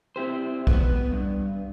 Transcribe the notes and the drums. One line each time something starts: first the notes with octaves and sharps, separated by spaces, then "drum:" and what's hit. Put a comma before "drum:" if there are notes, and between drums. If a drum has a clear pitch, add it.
C4 E4 G4 C5
B3, drum: kick
G2